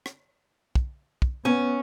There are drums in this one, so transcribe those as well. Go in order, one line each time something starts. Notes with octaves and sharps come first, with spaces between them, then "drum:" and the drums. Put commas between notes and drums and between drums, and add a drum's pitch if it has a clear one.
drum: rim click
drum: kick
drum: kick
B3 C#4